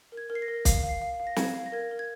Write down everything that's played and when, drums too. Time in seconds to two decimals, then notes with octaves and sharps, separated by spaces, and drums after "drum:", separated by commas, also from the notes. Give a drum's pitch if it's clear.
0.12 A#4
0.17 G#6
0.30 A#4
0.35 C7
0.42 A#6
0.48 A#4
0.65 F5 C7, drum: kick, hi-hat
0.83 F5
0.89 C7
1.02 F5
1.20 F5
1.27 A#6
1.36 F5 G#6, drum: snare
1.55 F5
1.66 A#6
1.72 A#4 G#6
1.91 A#4
1.99 G#6